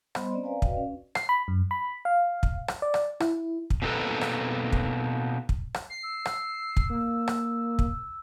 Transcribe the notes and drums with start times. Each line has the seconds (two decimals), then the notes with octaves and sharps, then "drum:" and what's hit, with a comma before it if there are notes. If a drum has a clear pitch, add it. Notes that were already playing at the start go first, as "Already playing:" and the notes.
0.15 G3 B3 C5 D#5 B5 C6, drum: rim click
0.32 C4 C#4 C5 D5 D#5
0.44 B4 D5 F5 G#5 A#5
0.62 F#4 B4 D5 D#5 F5 G5, drum: kick
0.77 C#4
1.15 C7, drum: rim click
1.29 B5
1.48 F#2
1.71 B5
2.05 F5
2.43 drum: kick
2.68 drum: rim click
2.82 D5
2.94 drum: rim click
3.20 E4, drum: rim click
3.70 drum: kick
3.82 B2 A#3 C4 D#4 A4 B4
4.21 drum: rim click
4.72 drum: kick
5.49 drum: kick
5.74 drum: rim click
5.90 C7
6.03 E6
6.26 drum: rim click
6.77 drum: kick
6.90 A#3
7.28 drum: rim click
7.79 drum: kick